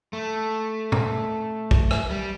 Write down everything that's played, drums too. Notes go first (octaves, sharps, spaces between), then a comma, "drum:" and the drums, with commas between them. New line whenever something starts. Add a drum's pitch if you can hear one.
A3
drum: tom A#2
drum: kick
drum: rim click
G3